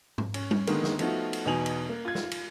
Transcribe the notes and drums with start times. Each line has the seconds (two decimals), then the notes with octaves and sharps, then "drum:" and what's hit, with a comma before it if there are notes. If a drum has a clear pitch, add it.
0.18 drum: tom G#2
0.34 C#4, drum: cymbal
0.51 drum: tom G3
0.67 D3 D#3 G#3 A#3 B3, drum: cymbal
0.84 drum: snare
0.99 F3 A3 B3 D#4 F4 F#4, drum: cymbal
1.33 drum: cymbal
1.45 E2 B2 D#4 G#5 F7 F#7
1.66 drum: cymbal
1.89 A#3
2.05 F4 G#6
2.15 drum: snare
2.31 drum: cymbal